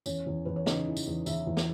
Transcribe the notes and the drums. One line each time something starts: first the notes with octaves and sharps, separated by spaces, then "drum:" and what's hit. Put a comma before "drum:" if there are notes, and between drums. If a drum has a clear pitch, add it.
E2 C#4 C#5, drum: tambourine
E2
E2 B4
C#5
C#3 D#4 D#5, drum: snare
E3
drum: tambourine
E2
E2 E4 E5, drum: tambourine
E2
drum: snare